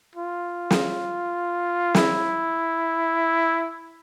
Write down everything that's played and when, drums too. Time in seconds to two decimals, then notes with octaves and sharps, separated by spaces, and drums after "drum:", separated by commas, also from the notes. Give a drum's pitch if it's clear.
0.15 F4
0.71 drum: snare
1.95 E4, drum: snare